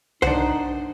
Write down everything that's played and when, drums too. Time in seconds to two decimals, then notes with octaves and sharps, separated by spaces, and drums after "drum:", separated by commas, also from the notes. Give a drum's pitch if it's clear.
0.22 D4 D#4 C5 F#5, drum: tom C2